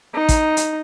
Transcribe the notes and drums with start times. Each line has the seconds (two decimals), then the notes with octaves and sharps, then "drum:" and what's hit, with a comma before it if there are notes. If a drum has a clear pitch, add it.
0.15 D#4
0.29 drum: kick, hi-hat
0.57 drum: hi-hat